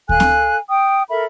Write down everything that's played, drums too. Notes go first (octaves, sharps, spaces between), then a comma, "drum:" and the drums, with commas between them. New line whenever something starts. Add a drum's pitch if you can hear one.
A4 F5 G#5 F#6, drum: kick D2
drum: snare C4
G5 D#6
A4 A#4 E5 B5